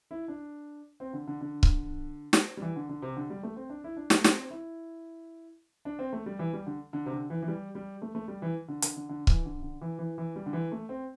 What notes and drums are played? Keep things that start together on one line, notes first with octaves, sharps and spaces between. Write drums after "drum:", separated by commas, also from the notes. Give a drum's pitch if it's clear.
E4
D4
C4
D3
D3
D3
drum: kick C#1
drum: snare
G3
E3
D3
D3
C3
D3
G3
A3
C4
D4
E4
D4
A3, drum: snare
C4, drum: snare
E4
D4
C4
A3
G3
E3
G3
D3
D3
C3
D3
E3
E3
G3
G3
A3
A3
G3
E3
D3
D3, drum: hi-hat
D3
D3
E3, drum: kick C#1
D3
D3
E3
E3
E3
G3
D3
E3
A3
C4